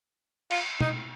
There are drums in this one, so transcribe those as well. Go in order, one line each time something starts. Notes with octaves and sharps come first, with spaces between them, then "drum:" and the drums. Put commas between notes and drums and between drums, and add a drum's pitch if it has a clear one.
F4, drum: cymbal
D#4, drum: tom